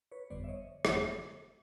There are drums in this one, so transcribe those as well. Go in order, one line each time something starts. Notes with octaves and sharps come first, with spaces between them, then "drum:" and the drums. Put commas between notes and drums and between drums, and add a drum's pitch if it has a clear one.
B4 C#5
G1 F2 D3 G3 B3 C5 D5
E5
C#5 D#5
G1 F2 D3 G3 B3, drum: rim click